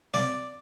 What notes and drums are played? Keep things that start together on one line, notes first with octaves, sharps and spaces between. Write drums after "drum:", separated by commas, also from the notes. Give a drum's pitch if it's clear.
D5, drum: snare